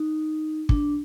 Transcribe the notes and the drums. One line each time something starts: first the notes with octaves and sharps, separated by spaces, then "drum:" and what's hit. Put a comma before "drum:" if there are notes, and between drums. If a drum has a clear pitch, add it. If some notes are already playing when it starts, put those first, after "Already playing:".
Already playing: D#4
D4, drum: kick